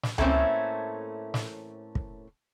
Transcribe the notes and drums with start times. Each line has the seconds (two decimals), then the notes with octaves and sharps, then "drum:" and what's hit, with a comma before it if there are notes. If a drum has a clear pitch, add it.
0.03 drum: snare
0.18 A2 A3 A#3 C4 C#4 E5, drum: tom C#2
1.34 drum: snare
1.95 drum: kick